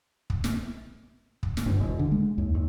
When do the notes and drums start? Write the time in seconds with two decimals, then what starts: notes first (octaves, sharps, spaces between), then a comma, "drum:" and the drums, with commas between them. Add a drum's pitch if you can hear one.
0.30 drum: kick
0.44 drum: snare
1.43 drum: kick
1.57 drum: snare
1.66 G1
1.80 E1
1.99 D3
2.12 G#3
2.38 D#2
2.55 D#2